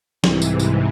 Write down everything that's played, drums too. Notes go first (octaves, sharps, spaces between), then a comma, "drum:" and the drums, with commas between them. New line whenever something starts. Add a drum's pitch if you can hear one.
C2 G#2 C3 E3, drum: snare
drum: tambourine
drum: tambourine